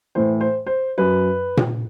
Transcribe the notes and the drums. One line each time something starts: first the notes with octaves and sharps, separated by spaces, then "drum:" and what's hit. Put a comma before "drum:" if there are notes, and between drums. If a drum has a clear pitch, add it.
A2 E3 C5
C5
C5
F#2 F#3 B4
drum: tom A#2